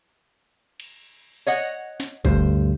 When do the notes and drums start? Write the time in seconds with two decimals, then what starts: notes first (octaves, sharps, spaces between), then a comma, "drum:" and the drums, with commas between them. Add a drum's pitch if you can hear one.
0.80 drum: cymbal
1.47 C#5 D#5 F#5
2.00 drum: snare
2.25 D2 G2 C5, drum: kick